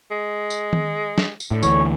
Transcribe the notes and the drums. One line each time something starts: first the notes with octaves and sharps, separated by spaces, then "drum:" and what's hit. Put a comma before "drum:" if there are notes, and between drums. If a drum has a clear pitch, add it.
G#3
drum: tambourine
drum: tom D#3
drum: snare
drum: tambourine
A2 D3
D2 E3 C#5, drum: tambourine